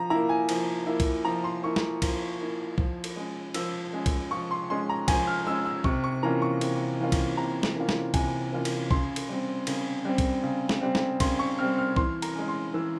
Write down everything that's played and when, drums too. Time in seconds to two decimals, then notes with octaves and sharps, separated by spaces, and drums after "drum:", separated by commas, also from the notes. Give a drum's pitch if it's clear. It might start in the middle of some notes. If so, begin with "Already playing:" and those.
Already playing: F3 A#5
0.10 A#3 E4 A#5
0.29 G#5
0.49 F3, drum: cymbal
0.86 A#3 E4
1.00 drum: kick B1, cymbal
1.25 F3 A#5
1.44 C6
1.63 A#3 E4 C#6
1.76 drum: snare
2.02 F3, drum: kick B1, cymbal
2.40 A#3 E4
2.78 F3, drum: kick B1
3.04 drum: cymbal
3.16 G#3 C#4
3.54 F3 E6, drum: cymbal
3.93 G#3 C#4
4.06 drum: kick B1, cymbal
4.31 F3 C#6
4.51 C6
4.70 G#3 C#4 C6
4.89 A#5
5.08 F3 G#5, drum: kick B1, cymbal
5.27 F6
5.47 G#3 C#4 E6
5.65 E6
5.84 C3 C#6, drum: kick B1
6.04 C#6
6.23 E3 A#3 C#4 F4 A#5
6.42 C#6
6.61 C3, drum: cymbal
7.00 E3 A#3 C#4 F4
7.12 drum: kick B1, cymbal
7.37 C3 A#5
7.63 drum: snare
7.76 E3 A#3 C#4 F4
7.89 drum: snare
8.14 C3 G#5, drum: kick B1, cymbal
8.52 E3 A#3 C#4 F4
8.65 drum: cymbal
8.91 C#3 C6, drum: kick B1
9.16 drum: cymbal
9.29 G3 C4
9.67 C#3, drum: cymbal
10.05 G3 C4
10.18 drum: kick B1, cymbal
10.43 C#3
10.69 drum: snare
10.82 G3 C4
10.95 drum: snare
11.20 C#3 C6, drum: kick B1, cymbal
11.39 C#6
11.59 G3 C4 F6
11.78 F6
11.96 E3 C6, drum: kick B1
12.22 A#5, drum: cymbal
12.35 G#3 C#4
12.48 C6
12.74 E3 E6